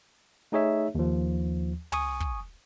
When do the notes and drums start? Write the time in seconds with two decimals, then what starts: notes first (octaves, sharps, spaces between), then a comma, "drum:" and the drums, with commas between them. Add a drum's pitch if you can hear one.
0.52 A3 D#4 G#4 C#5 E5
0.95 D#2 F3
1.92 G#5 C#6 D#6, drum: tom
2.20 drum: kick